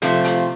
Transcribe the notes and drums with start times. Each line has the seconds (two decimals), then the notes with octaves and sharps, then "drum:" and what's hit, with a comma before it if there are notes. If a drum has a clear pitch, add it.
0.02 C3 F3 A3 F4, drum: hi-hat
0.24 drum: hi-hat